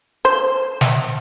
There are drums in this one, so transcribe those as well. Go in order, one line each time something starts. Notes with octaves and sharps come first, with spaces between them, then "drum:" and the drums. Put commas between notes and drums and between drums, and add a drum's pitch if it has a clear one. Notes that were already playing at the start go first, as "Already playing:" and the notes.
C5
drum: snare